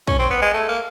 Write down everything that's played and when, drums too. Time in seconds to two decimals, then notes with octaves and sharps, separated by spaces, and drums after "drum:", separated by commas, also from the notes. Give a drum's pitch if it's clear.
0.07 C#4, drum: kick
0.19 C4
0.30 B3
0.41 G#3
0.54 A3
0.68 A#3